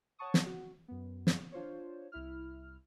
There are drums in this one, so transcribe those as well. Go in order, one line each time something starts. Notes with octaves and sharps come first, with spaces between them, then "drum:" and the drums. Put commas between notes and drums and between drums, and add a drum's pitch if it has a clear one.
C#5 F#5 A5 C#6 D#6
drum: snare
F#4
F#2 B3
drum: snare
D4 F4 C5 C#5
C2 E4 F6